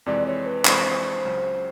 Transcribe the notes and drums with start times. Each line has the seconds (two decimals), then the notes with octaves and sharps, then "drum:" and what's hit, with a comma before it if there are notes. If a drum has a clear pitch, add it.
0.06 F2 C3 E3 G#3 D5
0.26 C#5
0.46 B4
0.65 F2 C3 E3 G#3 C5, drum: clap
1.25 C#2 C#3 F#3